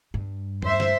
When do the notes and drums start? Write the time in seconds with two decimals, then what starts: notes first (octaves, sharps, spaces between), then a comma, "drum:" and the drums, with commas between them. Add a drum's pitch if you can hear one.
0.14 G2
0.62 C5 E5, drum: tom E2
0.80 drum: snare